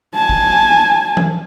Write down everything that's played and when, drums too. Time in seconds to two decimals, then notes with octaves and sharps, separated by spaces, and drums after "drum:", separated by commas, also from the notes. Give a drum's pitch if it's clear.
0.15 G#5 A5
0.29 drum: kick
1.17 drum: tom E3